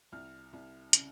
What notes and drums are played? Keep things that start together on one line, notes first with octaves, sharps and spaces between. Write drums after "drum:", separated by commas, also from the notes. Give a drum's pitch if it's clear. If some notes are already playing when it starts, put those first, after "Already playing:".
C2 F6
C2
C#3, drum: hi-hat